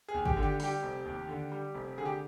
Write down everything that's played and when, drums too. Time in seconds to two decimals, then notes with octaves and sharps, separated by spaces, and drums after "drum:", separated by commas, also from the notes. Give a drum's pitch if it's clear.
0.08 G#4
0.14 D#2
0.26 G4, drum: kick
0.37 D3
0.43 G4
0.60 G3 G4, drum: open hi-hat
0.83 F1
1.06 D#2
1.29 D3
1.52 G3
1.75 F1
1.98 D3 G#4
2.05 G4